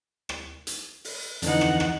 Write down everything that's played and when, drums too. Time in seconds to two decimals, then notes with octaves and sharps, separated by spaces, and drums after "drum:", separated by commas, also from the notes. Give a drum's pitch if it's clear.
0.29 drum: rim click
0.67 drum: hi-hat
1.04 drum: open hi-hat
1.42 F2 D3 E3 D#4 F#5, drum: hi-hat
1.61 drum: rim click
1.80 drum: rim click